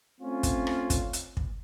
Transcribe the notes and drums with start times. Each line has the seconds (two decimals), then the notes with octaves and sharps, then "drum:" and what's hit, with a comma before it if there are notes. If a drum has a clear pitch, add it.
0.20 A3 C4 C#4 F4
0.43 drum: kick, hi-hat
0.67 drum: rim click
0.90 drum: kick, hi-hat
1.13 drum: hi-hat
1.37 drum: kick